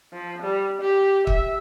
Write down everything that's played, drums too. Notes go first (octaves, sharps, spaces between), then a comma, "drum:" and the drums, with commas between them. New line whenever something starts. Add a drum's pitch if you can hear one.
F3
G3
G4
E5, drum: kick